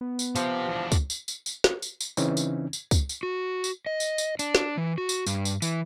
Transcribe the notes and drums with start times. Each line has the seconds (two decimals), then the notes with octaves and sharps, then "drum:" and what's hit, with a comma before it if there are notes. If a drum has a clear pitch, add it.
0.01 B3
0.19 drum: tambourine
0.36 C3 F3 G4, drum: tambourine
0.68 E2 D4
0.92 drum: kick, tambourine
1.10 drum: tambourine
1.28 drum: tambourine
1.46 drum: tambourine
1.64 drum: snare
1.82 drum: tambourine
2.01 drum: tambourine
2.17 C#3 E3 C4 C#4 D#4, drum: tambourine
2.37 drum: tambourine
2.73 drum: tambourine
2.91 drum: kick, tambourine
3.09 drum: tambourine
3.23 F#4
3.64 drum: tambourine
3.86 D#5
4.00 drum: tambourine
4.18 drum: tambourine
4.39 D4, drum: tambourine
4.55 drum: snare
4.77 E3
4.98 F#4
5.09 drum: tambourine
5.27 G2, drum: tambourine
5.45 drum: tambourine
5.62 E3, drum: tambourine